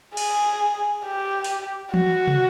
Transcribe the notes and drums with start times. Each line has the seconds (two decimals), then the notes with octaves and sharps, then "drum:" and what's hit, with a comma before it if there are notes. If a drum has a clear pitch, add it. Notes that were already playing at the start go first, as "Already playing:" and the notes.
0.17 G#4, drum: cymbal
1.05 G4
1.44 drum: open hi-hat
1.94 F#4, drum: tom E3
2.27 drum: tom